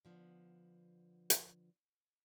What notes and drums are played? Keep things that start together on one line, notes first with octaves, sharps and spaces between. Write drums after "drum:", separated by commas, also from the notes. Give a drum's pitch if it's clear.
D3 F3 B3
drum: hi-hat